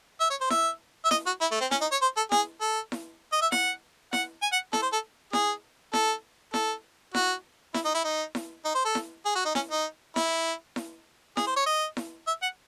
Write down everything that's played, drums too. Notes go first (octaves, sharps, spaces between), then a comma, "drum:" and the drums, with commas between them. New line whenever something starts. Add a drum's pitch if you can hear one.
E5
C#5
C5
E5, drum: snare E4
E5
D#5, drum: snare E4
F#4
E4
A3
C4
C#4, drum: snare E4
D#4
C#5
C5
A4
G#4, drum: snare E4
A4
drum: snare E4
D#5
E5
F#5, drum: snare E4
F#5, drum: snare E4
G#5
F#5
A4, drum: snare E4
C5
A4
G#4, drum: snare E4
A4, drum: snare E4
A4, drum: snare E4
F#4, drum: snare E4
E4, drum: snare E4
D#4
E4
D#4
drum: snare E4
D#4
C5
A4
drum: snare E4
G#4
F#4
D#4
C#4, drum: snare E4
D#4
E4, drum: snare E4
drum: snare E4
G#4, drum: snare E4
C5
C#5
D#5
drum: snare E4
E5
F#5